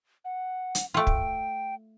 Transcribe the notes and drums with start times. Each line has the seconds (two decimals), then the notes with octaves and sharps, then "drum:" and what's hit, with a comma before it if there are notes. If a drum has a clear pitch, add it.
0.25 F#5
0.75 drum: hi-hat
0.94 A3 F4 G5
1.07 drum: kick